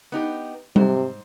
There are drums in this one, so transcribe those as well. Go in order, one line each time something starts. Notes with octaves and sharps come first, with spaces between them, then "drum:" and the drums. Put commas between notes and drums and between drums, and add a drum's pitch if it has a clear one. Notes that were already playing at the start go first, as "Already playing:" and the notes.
B3 D#4 G4
G#2 C3 C5, drum: tom G3